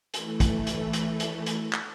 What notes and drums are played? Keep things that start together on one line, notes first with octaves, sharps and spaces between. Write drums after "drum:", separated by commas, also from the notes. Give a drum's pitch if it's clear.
E3 A3, drum: hi-hat
drum: kick, hi-hat
drum: hi-hat
drum: hi-hat
drum: hi-hat
drum: hi-hat
drum: clap